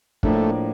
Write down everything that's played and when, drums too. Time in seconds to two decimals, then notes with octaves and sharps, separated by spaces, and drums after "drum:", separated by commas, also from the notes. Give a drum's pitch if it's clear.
0.23 A2 F3 A3 A#3 D4, drum: kick